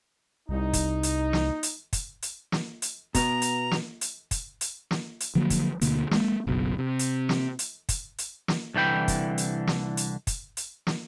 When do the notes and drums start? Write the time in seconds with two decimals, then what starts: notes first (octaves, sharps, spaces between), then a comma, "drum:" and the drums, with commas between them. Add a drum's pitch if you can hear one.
0.49 C2 D#4
0.73 drum: kick, hi-hat
1.03 drum: hi-hat
1.33 drum: snare
1.63 drum: hi-hat
1.93 drum: kick, hi-hat
2.22 drum: hi-hat
2.52 drum: snare
2.82 drum: hi-hat
3.15 B2 B3 A#5, drum: kick, hi-hat
3.42 drum: hi-hat
3.71 drum: snare
4.01 drum: hi-hat
4.31 drum: kick, hi-hat
4.61 drum: hi-hat
4.91 drum: snare
5.20 drum: hi-hat
5.35 D3 F3 F#3 A#3
5.50 drum: kick, hi-hat
5.81 D2 B2 D3 A#3, drum: hi-hat
6.11 G#3 A#3, drum: snare
6.47 F#1 B1 B2
6.78 C3
6.99 drum: hi-hat
7.29 drum: snare
7.59 drum: hi-hat
7.89 drum: kick, hi-hat
8.18 drum: hi-hat
8.48 drum: snare
8.74 C2 D3 E3 G5 B5
9.08 drum: kick, hi-hat
9.38 drum: hi-hat
9.67 drum: snare
9.97 drum: hi-hat
10.27 drum: kick, hi-hat
10.57 drum: hi-hat
10.87 drum: snare